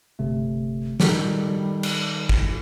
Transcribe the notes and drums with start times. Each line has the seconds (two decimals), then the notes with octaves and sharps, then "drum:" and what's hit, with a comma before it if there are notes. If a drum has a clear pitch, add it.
0.19 G1 C3 A3
1.00 D#3 G3 D#4 A4, drum: snare
1.83 drum: cymbal
2.29 drum: kick